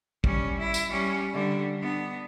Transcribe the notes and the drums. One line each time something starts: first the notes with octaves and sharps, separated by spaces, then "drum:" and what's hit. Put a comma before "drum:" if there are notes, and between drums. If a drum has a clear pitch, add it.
G3 C#4, drum: kick
E4
drum: tambourine
G3 C#4
D3 G3
B3 D4